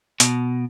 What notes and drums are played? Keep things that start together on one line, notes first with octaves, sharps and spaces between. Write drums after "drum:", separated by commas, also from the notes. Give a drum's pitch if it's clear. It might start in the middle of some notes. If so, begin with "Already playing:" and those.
B2, drum: hi-hat